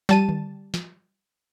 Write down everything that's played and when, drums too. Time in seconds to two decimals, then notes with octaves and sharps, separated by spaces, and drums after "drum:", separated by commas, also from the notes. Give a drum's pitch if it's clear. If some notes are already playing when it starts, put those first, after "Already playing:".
0.09 G3 A5 D#7, drum: snare
0.29 drum: tom D3
0.74 drum: snare